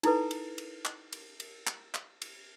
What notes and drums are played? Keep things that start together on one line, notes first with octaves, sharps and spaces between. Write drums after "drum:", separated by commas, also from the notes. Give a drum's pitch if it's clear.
D#4 E4 A4 B4, drum: cymbal
drum: cymbal
drum: cymbal
drum: clap
drum: cymbal
drum: cymbal
drum: clap
drum: clap
drum: cymbal